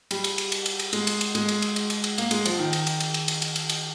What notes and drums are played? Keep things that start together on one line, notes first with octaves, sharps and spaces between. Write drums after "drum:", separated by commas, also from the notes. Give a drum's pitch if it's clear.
G3, drum: cymbal
drum: cymbal
drum: cymbal
drum: cymbal
drum: cymbal
drum: cymbal
G#3, drum: cymbal
drum: cymbal
drum: cymbal
G#3, drum: cymbal
drum: cymbal
drum: cymbal
drum: cymbal
drum: cymbal
drum: cymbal
A#3, drum: cymbal
G#3, drum: cymbal
F3, drum: cymbal
D#3
drum: cymbal
drum: cymbal
drum: cymbal
drum: cymbal
drum: cymbal
drum: cymbal
drum: cymbal
drum: cymbal